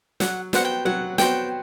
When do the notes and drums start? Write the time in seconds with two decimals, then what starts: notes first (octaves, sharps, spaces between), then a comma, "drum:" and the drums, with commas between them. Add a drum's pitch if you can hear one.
0.20 F#3 F#5, drum: snare
0.53 B3 F#4 C5 F#5, drum: snare
0.65 G5
0.85 F#3 F#5
1.18 B3 F#4 C5 G5, drum: snare